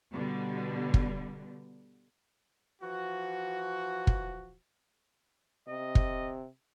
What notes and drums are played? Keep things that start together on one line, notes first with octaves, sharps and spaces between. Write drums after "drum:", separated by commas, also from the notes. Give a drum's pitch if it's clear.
B2 D3 G3
drum: kick
E3 F3 F#4
drum: kick
C3 D#5
drum: kick